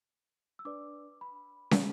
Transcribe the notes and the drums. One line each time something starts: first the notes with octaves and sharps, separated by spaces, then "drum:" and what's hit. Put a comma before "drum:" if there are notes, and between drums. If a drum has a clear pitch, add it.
E6
D4 B4 D5 D6
B5
drum: snare